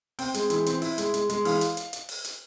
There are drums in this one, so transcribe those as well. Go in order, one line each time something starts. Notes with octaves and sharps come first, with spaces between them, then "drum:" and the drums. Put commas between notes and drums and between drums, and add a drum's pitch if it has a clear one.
C4 G5, drum: open hi-hat
G#3, drum: hi-hat
E3, drum: hi-hat
C4, drum: hi-hat
E4, drum: open hi-hat
G#3, drum: hi-hat
G#3, drum: hi-hat
G#3, drum: hi-hat
E3 F5, drum: open hi-hat
drum: hi-hat
drum: hi-hat
drum: hi-hat
drum: open hi-hat
drum: hi-hat